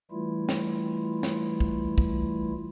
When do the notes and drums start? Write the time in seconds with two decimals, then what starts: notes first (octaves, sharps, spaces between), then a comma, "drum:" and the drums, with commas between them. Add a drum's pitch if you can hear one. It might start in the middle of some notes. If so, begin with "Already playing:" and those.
0.11 E3 G3 A3 E4 F4
0.49 drum: snare
1.23 drum: snare
1.60 drum: kick
1.98 drum: kick, tambourine